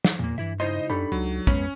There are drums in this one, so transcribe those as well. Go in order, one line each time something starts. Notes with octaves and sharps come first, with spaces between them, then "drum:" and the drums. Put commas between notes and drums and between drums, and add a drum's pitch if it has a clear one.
drum: snare
E2 A#2 A#3
G2 E3 E4 E5
C#2 D#4 E4 C5 D#5 C6
F#2 D4 G4 A4 B5
C#2 F#3
F2 G#3 B3 C#4 B4, drum: kick